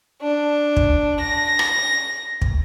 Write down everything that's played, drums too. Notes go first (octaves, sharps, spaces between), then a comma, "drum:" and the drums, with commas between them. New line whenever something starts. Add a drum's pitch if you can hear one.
D4
drum: kick
A#6
drum: rim click
drum: kick